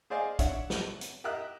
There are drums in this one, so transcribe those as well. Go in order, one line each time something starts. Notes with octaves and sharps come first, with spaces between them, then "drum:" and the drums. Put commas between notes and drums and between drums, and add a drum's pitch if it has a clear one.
G#4 C5 D5 D#5 F5 G#5
D4 C#5 E5 F#5, drum: kick, hi-hat
drum: snare
drum: hi-hat
G4 A#4 D#5 E5 F#6